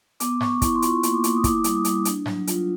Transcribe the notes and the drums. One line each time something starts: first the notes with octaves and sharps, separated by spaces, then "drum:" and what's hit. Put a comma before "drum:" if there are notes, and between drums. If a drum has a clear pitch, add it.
B3 D6, drum: hi-hat
B3 C#6, drum: snare G#2
E4 C#6, drum: kick, hi-hat
C6
F4 C#6, drum: hi-hat
A#3, drum: hi-hat
D6
A#3, drum: hi-hat
D#6
E4 D6, drum: kick, hi-hat
G3, drum: hi-hat
D#6
G3, drum: hi-hat
D4, drum: hi-hat
F#3, drum: snare G#2
F4, drum: hi-hat